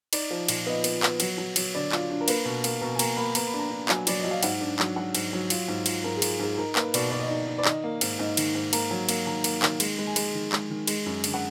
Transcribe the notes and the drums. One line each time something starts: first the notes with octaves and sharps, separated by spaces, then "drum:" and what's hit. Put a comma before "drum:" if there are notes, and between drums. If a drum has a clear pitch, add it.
D#4 D5, drum: cymbal
F3
A#2, drum: cymbal
B3 D#5
B3, drum: cymbal
B3, drum: clap
F#3, drum: cymbal
F#3
F#3, drum: cymbal
D3 D5
F4, drum: clap
D4
A#4
A#3 B4, drum: cymbal
B2
A#3, drum: cymbal
B2 A#5
G#5
A#3 A#5, drum: cymbal
A#3 B5
B3 A#5, drum: cymbal
B5
D4
A#5
D4
F#3 G#5, drum: clap
F#3 D5, drum: cymbal
F#3 D#5
F5
G#2 F#5, drum: cymbal
D4
F#3, drum: clap
F#3 F#5
G#2, drum: cymbal
F#3
F4, drum: cymbal
G#2
F4, drum: cymbal
G#2 A#4
G#4
F4, drum: cymbal
G#2 G#4
D#4 A#4
A#3 B4, drum: clap
B2 D5, drum: cymbal
B2 D5
D#5
D#4 D5
D#4
D5
D#3 D#5, drum: clap
A#3
G#2, drum: cymbal
G#2 D#5
D#3, drum: cymbal
G#2
A#3 A#5, drum: cymbal
F#3
A#3, drum: cymbal
D#3 A#5
A#3, drum: cymbal
D#3, drum: clap
G#3, drum: cymbal
G#3
G#5
G#3, drum: cymbal
D#3
G#3, drum: clap
D#3
G#3, drum: cymbal
F#2
D3, drum: cymbal
F#5